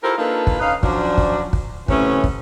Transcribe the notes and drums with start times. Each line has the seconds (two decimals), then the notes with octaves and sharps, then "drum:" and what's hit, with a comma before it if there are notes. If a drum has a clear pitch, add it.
0.02 E4 F4 G4 A4 A#4 C5
0.17 A#3 D4 D#4 F4 A4 B4
0.47 drum: kick
0.59 C#4 D#4 B4 D#5 F5
0.83 F3 F#3 C#4 D4, drum: kick
1.18 drum: kick
1.53 drum: kick
1.88 C3 E3 A3 B3 C#4, drum: kick
2.24 drum: kick